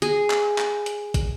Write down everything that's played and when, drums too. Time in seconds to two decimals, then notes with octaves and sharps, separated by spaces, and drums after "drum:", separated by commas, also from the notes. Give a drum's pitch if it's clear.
0.02 G#4, drum: hi-hat
0.30 drum: clap
0.58 drum: clap
0.86 drum: hi-hat
1.14 drum: kick, hi-hat